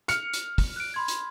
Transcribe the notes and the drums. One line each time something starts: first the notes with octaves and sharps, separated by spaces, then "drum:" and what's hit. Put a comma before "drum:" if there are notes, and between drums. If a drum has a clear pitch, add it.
F6 C#7, drum: hi-hat
drum: hi-hat
drum: kick, open hi-hat
F#6 D7
B5 C6 G#6
drum: hi-hat